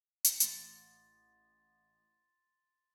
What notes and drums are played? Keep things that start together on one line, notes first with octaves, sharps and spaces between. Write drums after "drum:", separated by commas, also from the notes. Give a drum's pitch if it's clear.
drum: hi-hat
A1 C6 A6, drum: hi-hat